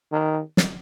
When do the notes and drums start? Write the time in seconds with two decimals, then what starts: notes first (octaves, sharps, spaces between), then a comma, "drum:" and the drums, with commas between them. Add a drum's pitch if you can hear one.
0.12 D#3
0.57 drum: snare